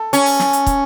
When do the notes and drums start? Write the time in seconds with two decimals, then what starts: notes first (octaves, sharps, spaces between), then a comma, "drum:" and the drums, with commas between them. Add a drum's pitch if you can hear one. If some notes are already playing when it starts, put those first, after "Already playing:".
Already playing: A4
0.13 C#4, drum: hi-hat
0.26 drum: open hi-hat
0.39 drum: snare
0.53 drum: hi-hat
0.67 drum: kick, hi-hat